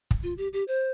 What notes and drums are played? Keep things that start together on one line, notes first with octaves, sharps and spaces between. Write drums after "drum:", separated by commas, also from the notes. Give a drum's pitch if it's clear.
drum: kick
F4
G4
G4
C5